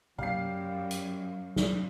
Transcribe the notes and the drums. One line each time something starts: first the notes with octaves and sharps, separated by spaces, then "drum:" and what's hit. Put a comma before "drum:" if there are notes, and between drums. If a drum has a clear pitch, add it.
F#2 G3 F5 C7, drum: tom
drum: hi-hat
drum: snare